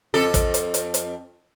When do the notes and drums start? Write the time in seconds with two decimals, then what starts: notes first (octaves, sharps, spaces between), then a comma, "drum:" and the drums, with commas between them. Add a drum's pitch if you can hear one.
0.14 F2 A4
0.34 drum: kick, hi-hat
0.54 drum: hi-hat
0.74 drum: hi-hat
0.94 drum: hi-hat